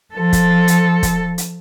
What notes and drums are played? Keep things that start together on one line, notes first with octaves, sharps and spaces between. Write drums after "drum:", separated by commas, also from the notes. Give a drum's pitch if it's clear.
F3 A4
drum: kick, hi-hat
drum: hi-hat
drum: kick, hi-hat
drum: hi-hat